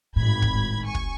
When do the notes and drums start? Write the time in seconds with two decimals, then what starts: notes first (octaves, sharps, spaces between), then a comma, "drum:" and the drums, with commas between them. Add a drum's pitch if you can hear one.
0.16 G#1 A2 B5 G#6
0.42 drum: kick
0.85 G#5 C#6
0.95 drum: kick